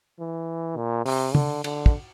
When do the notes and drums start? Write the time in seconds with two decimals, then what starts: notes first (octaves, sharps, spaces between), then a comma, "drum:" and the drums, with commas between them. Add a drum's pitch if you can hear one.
0.19 E3
0.77 A#2
1.06 C3, drum: open hi-hat
1.35 D3, drum: tom
1.64 D3, drum: cymbal
1.86 drum: kick